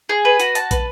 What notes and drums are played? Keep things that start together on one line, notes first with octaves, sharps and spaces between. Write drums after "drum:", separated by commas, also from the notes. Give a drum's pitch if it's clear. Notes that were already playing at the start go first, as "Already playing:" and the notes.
G#4
B4
F#4, drum: hi-hat
A5, drum: hi-hat
B4, drum: kick, hi-hat